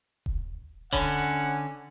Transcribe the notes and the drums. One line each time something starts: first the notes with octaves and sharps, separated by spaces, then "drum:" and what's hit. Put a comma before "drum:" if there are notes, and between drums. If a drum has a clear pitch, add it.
drum: kick D#1
D3 C#4 C#5 F#5 B5 G7, drum: kick D#1